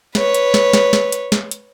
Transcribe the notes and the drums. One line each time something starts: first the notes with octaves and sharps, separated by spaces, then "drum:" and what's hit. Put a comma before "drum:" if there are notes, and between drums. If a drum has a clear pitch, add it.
B4 C#5, drum: snare
drum: hi-hat
drum: snare
drum: snare
drum: snare
drum: hi-hat
drum: snare
drum: hi-hat